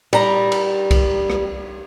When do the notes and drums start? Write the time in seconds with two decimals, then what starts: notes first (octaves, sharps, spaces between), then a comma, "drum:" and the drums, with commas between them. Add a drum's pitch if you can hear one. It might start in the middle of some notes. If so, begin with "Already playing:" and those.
0.13 G3 A#5, drum: cymbal
0.52 drum: cymbal
0.91 drum: kick C2, cymbal
1.30 drum: rim click